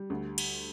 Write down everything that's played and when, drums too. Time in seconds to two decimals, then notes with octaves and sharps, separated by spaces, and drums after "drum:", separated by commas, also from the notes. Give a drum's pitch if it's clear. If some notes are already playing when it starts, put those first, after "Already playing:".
Already playing: G3
0.10 D2
0.38 drum: cymbal